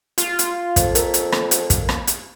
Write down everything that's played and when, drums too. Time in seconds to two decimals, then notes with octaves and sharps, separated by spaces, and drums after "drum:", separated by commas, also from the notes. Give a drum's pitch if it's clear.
0.18 F4, drum: hi-hat
0.39 drum: hi-hat
0.76 F2, drum: kick, hi-hat
0.95 A#4, drum: hi-hat
1.14 drum: hi-hat
1.32 drum: rim click
1.51 drum: hi-hat
1.70 drum: kick, hi-hat
1.89 drum: rim click
2.07 drum: hi-hat